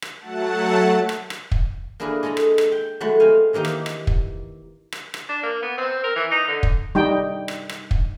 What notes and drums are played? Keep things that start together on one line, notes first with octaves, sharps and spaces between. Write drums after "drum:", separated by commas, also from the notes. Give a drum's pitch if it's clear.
drum: rim click
F#3 A3 F#5 A5
drum: rim click
drum: rim click
drum: kick
A#3 D4 E4 G#4 A#4 B4
G#3 G#4 A4 D#5 A#5
drum: rim click
drum: rim click
G5
F#3 G#3 A3 E4 F#4
C4 G4 F5 G#5
D#3 E3 A#3 D#4 G4
drum: rim click
drum: rim click
drum: kick
drum: rim click
drum: rim click
D4
A#3
B3
C4
A#4
E3
D#4
D3
drum: kick
G3 D#4 G5
drum: rim click
drum: rim click
drum: kick